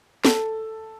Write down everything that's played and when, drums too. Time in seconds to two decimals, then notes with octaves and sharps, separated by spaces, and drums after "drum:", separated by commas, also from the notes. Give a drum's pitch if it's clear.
0.25 A4, drum: snare